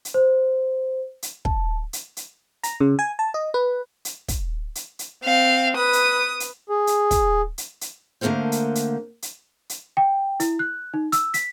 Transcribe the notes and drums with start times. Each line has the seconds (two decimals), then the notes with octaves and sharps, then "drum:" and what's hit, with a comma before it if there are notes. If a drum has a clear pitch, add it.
0.05 drum: hi-hat
0.14 C5
1.22 drum: hi-hat
1.45 A5, drum: kick
1.93 drum: hi-hat
2.17 drum: hi-hat
2.64 A#5, drum: hi-hat
2.80 C#3
2.99 G#5
3.19 A5
3.34 D#5
3.54 B4
4.05 drum: hi-hat
4.28 drum: kick, hi-hat
4.75 drum: hi-hat
4.99 drum: hi-hat
5.24 C4 F5
5.77 B4 D#6
5.93 drum: hi-hat
6.40 drum: hi-hat
6.69 G#4
6.87 drum: hi-hat
7.11 drum: kick, hi-hat
7.58 drum: hi-hat
7.81 drum: hi-hat
8.21 D3 A3 A#3 A4 A#4 C5
8.52 drum: hi-hat
8.75 drum: hi-hat
9.22 drum: hi-hat
9.69 drum: hi-hat
9.97 G5
10.40 E4, drum: hi-hat
10.59 F#6
10.94 D#4
11.12 E6, drum: hi-hat
11.34 B6, drum: hi-hat